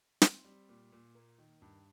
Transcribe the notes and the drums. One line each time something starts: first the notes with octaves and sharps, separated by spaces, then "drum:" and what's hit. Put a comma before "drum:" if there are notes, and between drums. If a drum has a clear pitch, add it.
C4, drum: snare
G3
A#2
A#2
A#3
D#3
G2